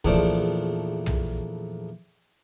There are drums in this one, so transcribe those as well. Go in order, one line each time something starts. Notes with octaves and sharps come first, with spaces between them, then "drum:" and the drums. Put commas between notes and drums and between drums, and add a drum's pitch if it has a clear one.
A#1 E2 F3 A3 C5 D5, drum: kick
drum: tom